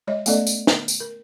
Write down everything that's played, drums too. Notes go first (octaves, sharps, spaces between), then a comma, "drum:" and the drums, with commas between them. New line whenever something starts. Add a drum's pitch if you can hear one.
G#3 C#5 D#5
A3 B3 C#4 A4 D5 D#5, drum: tambourine
drum: tambourine
drum: snare
drum: tambourine
A#4